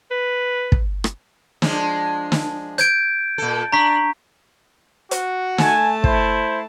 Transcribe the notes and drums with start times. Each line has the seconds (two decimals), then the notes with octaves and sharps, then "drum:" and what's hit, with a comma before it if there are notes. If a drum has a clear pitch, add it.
0.11 B4
0.72 drum: kick
1.04 drum: rim click
1.62 F3 G#3 D4, drum: snare
2.32 drum: snare
2.78 G6 G#6 D7, drum: hi-hat
3.38 A#2 A4
3.72 D4 A#5 C#6 B6
5.11 F#4, drum: hi-hat
5.58 A3 G#5 A5, drum: snare
6.04 E4 C5, drum: kick